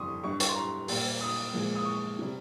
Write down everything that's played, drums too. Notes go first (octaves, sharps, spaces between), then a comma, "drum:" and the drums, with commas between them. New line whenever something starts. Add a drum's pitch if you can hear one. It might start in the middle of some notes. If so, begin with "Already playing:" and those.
Already playing: F2 G3 C6 C#6 D#6
G2 G3 C#6
C#6, drum: hi-hat
C6
A#5
A#2 G3, drum: open hi-hat
D#6
A#2 F3 G#3
D#6
C#6
C3 G3